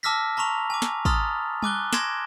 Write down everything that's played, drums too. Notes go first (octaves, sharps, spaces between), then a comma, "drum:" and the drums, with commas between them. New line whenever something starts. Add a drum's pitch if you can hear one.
A5 D6 E6 F6 A#6 B6
A5 A#5 C6 C#6 F7
G#5 D6
drum: snare
A#5 C6 D#6 F6 A6, drum: kick
G#5 D6 F#6 G7, drum: tom G3
C6 D6 G#6 A#6 D7 E7, drum: snare